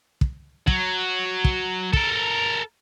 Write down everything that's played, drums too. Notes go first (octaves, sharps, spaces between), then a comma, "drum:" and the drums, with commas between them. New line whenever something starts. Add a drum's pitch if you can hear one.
drum: kick
F#3, drum: kick
drum: kick
A4 A#4, drum: kick